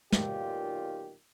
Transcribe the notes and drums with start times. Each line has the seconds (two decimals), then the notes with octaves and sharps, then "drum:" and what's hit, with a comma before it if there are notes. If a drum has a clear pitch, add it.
0.12 B1 A#2 D#3 F4 G4, drum: snare